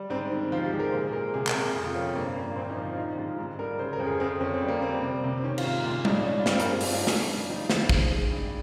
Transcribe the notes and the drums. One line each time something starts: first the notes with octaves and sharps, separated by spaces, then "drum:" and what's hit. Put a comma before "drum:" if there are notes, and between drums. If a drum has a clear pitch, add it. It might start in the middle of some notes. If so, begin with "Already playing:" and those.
Already playing: G3
G#2 C4
D#3
F3 F4
G4
G#3
A#4
A#2 C5
A#2 A#4
C3 G#4
A#4, drum: clap
C3
G#4
F2
F4
F3 C#4
G2 A#3
G2 A#3
A#2 C4
D#4
F3
F4
D#3 D#4
G#2 F4
G#2
G3 A#4
C#3 C5
A#4
F2
G#4
F2 C4
F2 C#4
C4
G3
A#3
G3 C4
C3
C3
C4
D#3 C#4
F4, drum: cymbal
G#2
A#2 F4
G3 D#4, drum: tom G3
G3 C#4
F4
G2, drum: snare
C4
A#4, drum: hi-hat
G2 G#4
F4, drum: open hi-hat
G2
D#4
G2 C#4, drum: snare
G3
F3 D#4
F3, drum: snare
G#3, drum: kick
G#3
G2